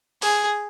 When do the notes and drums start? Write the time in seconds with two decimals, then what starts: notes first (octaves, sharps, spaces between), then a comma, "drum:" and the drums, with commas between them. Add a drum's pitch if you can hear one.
0.22 G#4, drum: open hi-hat